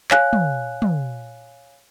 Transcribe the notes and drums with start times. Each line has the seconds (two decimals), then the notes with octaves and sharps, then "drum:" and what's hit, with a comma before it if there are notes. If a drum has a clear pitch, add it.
0.11 C#5 F5 G#5 F#6, drum: clap
0.33 drum: tom
0.82 drum: tom